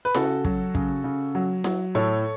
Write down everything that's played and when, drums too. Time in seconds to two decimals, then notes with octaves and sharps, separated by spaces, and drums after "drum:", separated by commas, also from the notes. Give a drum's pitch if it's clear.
0.05 B4
0.14 C#3 F#4 A4, drum: snare E4
0.45 F#3, drum: kick
0.75 C#3, drum: kick
1.04 C#3
1.35 F#3
1.64 F#3, drum: snare E4
1.95 A2 A4 C#5